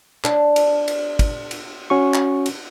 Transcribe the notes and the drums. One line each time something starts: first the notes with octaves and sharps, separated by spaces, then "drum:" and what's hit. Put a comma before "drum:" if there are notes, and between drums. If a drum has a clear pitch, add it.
D4, drum: clap
drum: cymbal
drum: cymbal
drum: kick, cymbal
drum: cymbal
C#4 F#4 C#6
drum: clap
drum: cymbal